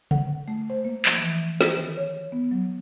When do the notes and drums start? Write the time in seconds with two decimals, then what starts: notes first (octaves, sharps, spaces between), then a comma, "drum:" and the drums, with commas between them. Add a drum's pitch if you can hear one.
0.11 F#5, drum: tom C#3
0.48 A3
0.70 C5
0.85 A#3
1.06 F3, drum: clap
1.18 E3
1.61 drum: snare
1.77 D#3
1.97 C#5
2.32 B3
2.51 F#3